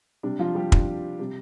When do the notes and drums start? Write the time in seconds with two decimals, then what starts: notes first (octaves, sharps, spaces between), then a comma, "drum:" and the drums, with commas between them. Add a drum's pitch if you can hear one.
0.23 C3 G3 D4
0.39 F3 F4
0.55 G3 G4
0.72 D4, drum: kick
1.19 C3 G3